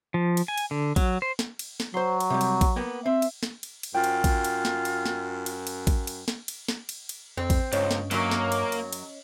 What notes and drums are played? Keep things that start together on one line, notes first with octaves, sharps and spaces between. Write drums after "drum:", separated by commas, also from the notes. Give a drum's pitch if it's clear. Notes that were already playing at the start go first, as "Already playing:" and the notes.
F3
drum: cymbal
G#5
drum: cymbal
D3
F#3, drum: kick A1, cymbal
C5
drum: snare
drum: cymbal
drum: snare
F#3 C5 C6
drum: cymbal
C3 G3
drum: cymbal
drum: kick A1, cymbal
A#3 B3 G5
C4 E5
drum: cymbal
drum: snare
drum: cymbal
drum: cymbal
F#2 F4 G5
drum: cymbal
drum: kick A1, cymbal
drum: cymbal
drum: snare
drum: cymbal
drum: snare
drum: cymbal
drum: cymbal
drum: kick A1, cymbal
drum: cymbal
drum: snare
drum: cymbal
drum: snare
drum: cymbal
drum: cymbal
F2 C4
drum: kick A1, cymbal
C#2 G2 C#4 C#5 D#5, drum: cymbal
drum: snare
F#2 F#3 A#3, drum: cymbal
drum: snare
drum: cymbal
drum: cymbal
drum: cymbal